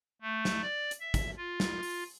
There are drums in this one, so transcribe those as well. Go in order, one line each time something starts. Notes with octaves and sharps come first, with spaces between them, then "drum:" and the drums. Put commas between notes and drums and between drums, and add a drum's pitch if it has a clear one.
A3
drum: snare
D5
drum: hi-hat
E5
drum: kick, hi-hat
F4
drum: snare
drum: open hi-hat